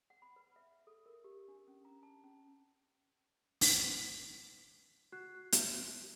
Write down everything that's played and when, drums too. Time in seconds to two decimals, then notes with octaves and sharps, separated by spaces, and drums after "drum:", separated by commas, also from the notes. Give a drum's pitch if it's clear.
0.10 F#5
0.22 B5
0.36 B4
0.56 E5
0.87 A4
1.06 A#4
1.24 G4
1.48 D4
1.68 C#4
1.85 A#5
2.03 A5
2.24 C#4
3.61 drum: open hi-hat
5.12 F#4 F#6
5.52 drum: hi-hat